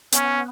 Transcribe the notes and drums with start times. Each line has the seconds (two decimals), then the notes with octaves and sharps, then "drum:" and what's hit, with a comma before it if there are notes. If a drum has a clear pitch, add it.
0.12 B3 C#4, drum: hi-hat